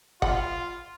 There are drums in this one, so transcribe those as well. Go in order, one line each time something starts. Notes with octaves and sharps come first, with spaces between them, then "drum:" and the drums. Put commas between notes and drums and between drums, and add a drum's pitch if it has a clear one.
F4 F#5 B5, drum: kick G1